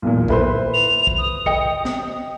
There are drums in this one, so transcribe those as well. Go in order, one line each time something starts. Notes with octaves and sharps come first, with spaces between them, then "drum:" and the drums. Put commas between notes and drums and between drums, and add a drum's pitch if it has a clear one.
B1 E2 A#2
E4 B4 C5, drum: kick
F7
drum: kick
D#6
D#5 G5 C#7, drum: kick
drum: snare